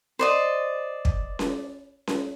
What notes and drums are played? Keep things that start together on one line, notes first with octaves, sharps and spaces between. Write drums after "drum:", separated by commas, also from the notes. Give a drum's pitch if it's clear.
C5 D5 D#5
drum: kick
drum: snare C#4
drum: snare C#4